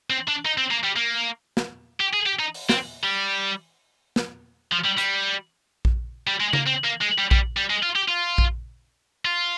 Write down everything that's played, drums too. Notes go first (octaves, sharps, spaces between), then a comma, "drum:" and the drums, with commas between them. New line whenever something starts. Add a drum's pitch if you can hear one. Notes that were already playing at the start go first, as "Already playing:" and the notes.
C4
D4
D#4
C4
A#3
G3
A#3
drum: snare
G4
G#4
G4
D#4
drum: open hi-hat
C4, drum: snare
G3
drum: snare
F3
G3
G3, drum: hi-hat
drum: kick A#1
G3
G#3
A#3, drum: tom C#3
C4
A#3
G#3
G3
G3, drum: kick A#1
G3
G#3
F4
G4
F4
drum: kick A#1
F4